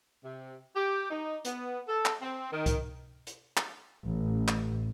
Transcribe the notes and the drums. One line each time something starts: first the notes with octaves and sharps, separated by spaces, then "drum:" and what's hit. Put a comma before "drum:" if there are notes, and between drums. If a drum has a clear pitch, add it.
C3
G4
D#4
B3, drum: hi-hat
A4
drum: clap
C4
D#3
drum: kick C2, hi-hat
drum: hi-hat
drum: clap
A1
drum: clap